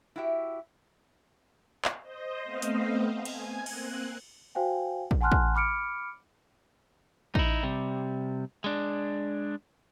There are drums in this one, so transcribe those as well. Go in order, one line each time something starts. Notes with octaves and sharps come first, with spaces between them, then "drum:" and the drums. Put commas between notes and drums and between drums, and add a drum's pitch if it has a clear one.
E4 F#4 G4 E5
drum: clap
C5 D#5
A3 B3 C4 C5 D#5 F5
drum: hi-hat
G#5 G#6, drum: cymbal
A#3 C4 F#6, drum: cymbal
F#4 C5 F5 G5 G#5
drum: kick
F#5 G#5 A5 C6 F6 F#6
drum: kick
B5 D6 F6 C#7 D7
D#4 E4, drum: kick
C3 G3
G#3 D4